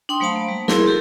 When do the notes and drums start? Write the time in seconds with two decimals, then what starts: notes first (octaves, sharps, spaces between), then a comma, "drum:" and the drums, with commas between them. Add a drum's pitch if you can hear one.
0.09 D4 G5 C6 D#6
0.20 F#3 A3 C5 F5 A5 B5
0.36 A#3
0.48 G3
0.68 E4 G#4 A#4 C6, drum: snare
0.86 F#4 G4 A4 A#4